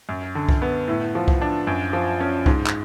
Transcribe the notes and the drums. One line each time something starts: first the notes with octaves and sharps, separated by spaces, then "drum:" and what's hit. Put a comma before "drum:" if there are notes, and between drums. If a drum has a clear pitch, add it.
F#2
D3
drum: kick C2
B3
A2
F3
drum: kick C2
D4
F#2
F3
C#4
G#2, drum: kick C2
drum: clap